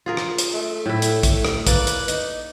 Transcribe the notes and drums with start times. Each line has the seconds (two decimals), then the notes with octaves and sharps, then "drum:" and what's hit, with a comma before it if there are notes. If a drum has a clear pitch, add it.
0.06 F4 G#4 A#4
0.17 drum: rim click
0.38 drum: hi-hat
0.54 A3
0.86 A2 E4
1.02 drum: hi-hat
1.23 drum: kick A#1, hi-hat
1.45 drum: rim click
1.67 A#3 B4 D5, drum: kick A#1, hi-hat
1.87 drum: hi-hat
2.08 D#4, drum: hi-hat